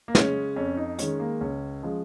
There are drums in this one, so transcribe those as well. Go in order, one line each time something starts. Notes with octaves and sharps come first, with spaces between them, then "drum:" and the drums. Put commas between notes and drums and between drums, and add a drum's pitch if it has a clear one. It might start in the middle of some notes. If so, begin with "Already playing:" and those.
A#3
C#3 G#3 C#4, drum: snare
F2 C#4
D#4
D#3 G#3 C#4, drum: hi-hat
A#3
C#2 C#4
C#3 F3 G#3